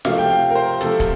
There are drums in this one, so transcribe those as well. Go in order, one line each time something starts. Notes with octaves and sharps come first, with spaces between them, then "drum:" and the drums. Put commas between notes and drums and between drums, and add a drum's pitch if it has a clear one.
C3 F3 A3 F5, drum: snare
G5
F5
A#4
C5
C3 F3 A3 A4, drum: hi-hat
drum: kick, hi-hat